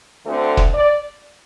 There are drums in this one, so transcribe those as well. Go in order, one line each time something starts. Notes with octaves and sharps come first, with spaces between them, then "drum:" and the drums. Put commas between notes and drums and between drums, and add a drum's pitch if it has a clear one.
D2 D3 A3 C4
drum: kick
D5